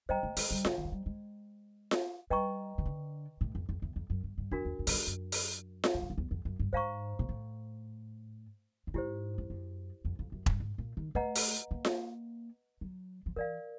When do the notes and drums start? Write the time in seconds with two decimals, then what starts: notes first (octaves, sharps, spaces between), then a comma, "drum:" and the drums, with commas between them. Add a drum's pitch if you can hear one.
0.09 G3 C5 D#5 G5 A#5
0.23 A3
0.37 G#3, drum: open hi-hat
0.51 G3
0.65 D3, drum: snare F4
0.78 D#3
0.85 F#3
0.92 G3
1.06 G#3
1.91 drum: snare F4
2.30 G3 B4 D#5 G5 A#5 C#6
2.78 D#3
2.86 D3
3.41 A2
3.55 F2
3.69 F2
3.82 E2
3.96 F2
4.10 F#2
4.24 G2
4.38 G2
4.51 F2 D4 F#4 A#4
4.65 E2
4.79 F2
4.87 G2, drum: open hi-hat
4.93 F#2
5.07 F#2
5.32 drum: open hi-hat
5.84 drum: snare F4
5.94 G2
6.02 F#2
6.10 F2
6.18 E2
6.31 F2
6.45 F#2
6.60 G2
6.73 G#2 C5 F5 A#5 C#6
7.19 A#2
7.29 A2
8.87 G2
8.94 G#2 E4 G4 C5
9.38 F2
9.50 F#2
10.05 F2
10.19 F2
10.32 F#2
10.46 G2, drum: kick E1
10.60 G#2
10.78 A#2
10.97 D#3
11.15 A3 B4 D#5 F#5 A#5
11.36 drum: open hi-hat
11.71 A#3
11.85 drum: snare F4
12.81 F#3
13.26 F3
13.36 E3 A#4 D5 F5